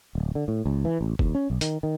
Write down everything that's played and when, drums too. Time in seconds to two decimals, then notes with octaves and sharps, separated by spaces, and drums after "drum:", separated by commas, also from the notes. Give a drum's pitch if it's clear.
0.15 D1
0.35 D3
0.48 A2
0.66 C#2
0.85 E3
1.01 A1
1.19 D#2, drum: kick
1.35 C#4
1.50 B1
1.61 D#3, drum: hi-hat
1.83 D#3